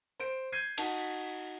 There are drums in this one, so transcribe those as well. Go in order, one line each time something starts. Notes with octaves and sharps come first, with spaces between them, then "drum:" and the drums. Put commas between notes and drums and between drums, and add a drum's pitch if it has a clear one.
C5 D7
G6 G#6 C7 D#7
D#4 F#4 A5, drum: cymbal